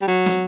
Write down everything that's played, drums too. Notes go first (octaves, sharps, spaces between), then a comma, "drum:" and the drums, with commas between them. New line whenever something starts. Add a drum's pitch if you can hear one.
G3
F#3
drum: snare